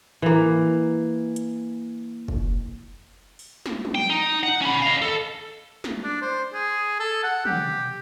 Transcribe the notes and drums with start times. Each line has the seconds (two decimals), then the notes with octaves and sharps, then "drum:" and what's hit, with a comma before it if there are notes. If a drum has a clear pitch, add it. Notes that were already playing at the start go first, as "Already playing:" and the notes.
0.22 E3 A#3
1.36 drum: hi-hat
2.28 drum: kick
3.39 drum: open hi-hat
3.66 drum: snare
3.85 drum: tom
3.95 G5
4.10 D#4
4.43 F#5
4.62 C#4 B5
4.82 D#5 F5
5.02 A4
5.84 drum: snare
6.03 D4
6.22 C5
6.53 G#4
6.99 A4
7.24 F#5
7.45 G4, drum: tom